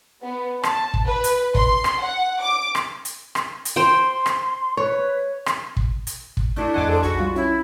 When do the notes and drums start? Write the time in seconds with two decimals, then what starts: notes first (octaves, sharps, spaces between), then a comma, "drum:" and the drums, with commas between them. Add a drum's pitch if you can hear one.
0.22 B3
0.63 A5, drum: rim click
0.94 drum: kick
1.07 B4
1.24 drum: hi-hat
1.55 C6, drum: kick
1.84 drum: rim click
2.01 F#5
2.40 D6
2.75 drum: rim click
3.05 drum: hi-hat
3.35 drum: rim click
3.65 drum: hi-hat
3.76 C5 G5 C6
4.26 drum: rim click
4.77 B4 C#5
5.46 drum: rim click
5.77 drum: kick
6.07 drum: hi-hat
6.37 drum: kick
6.56 A3 D4 E4 F#4
6.74 F2 F3 D#5 F#5 G#5 D6
6.87 G#4 A4 C5
7.03 B1 F#4 G#5 B5 C#6
7.20 G3 F4
7.36 C#4 E4